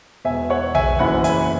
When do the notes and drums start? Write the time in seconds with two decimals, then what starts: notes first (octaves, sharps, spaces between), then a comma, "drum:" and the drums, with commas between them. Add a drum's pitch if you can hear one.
0.25 E1 E2 B2 E5 G#5
0.50 C#5 F#5
0.75 E5 G#5, drum: tom A#1
0.99 F#1 F#2 E3 F#5 B5
1.24 E5 G#5, drum: hi-hat